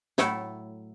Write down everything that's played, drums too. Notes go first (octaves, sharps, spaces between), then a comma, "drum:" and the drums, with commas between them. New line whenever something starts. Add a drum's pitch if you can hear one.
A2 F#3 A3 E4 A4, drum: snare